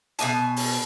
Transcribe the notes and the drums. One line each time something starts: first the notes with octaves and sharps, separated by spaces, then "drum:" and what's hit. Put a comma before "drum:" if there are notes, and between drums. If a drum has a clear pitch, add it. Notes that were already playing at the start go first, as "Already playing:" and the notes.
B2 D4 G#5 A5, drum: hi-hat
drum: open hi-hat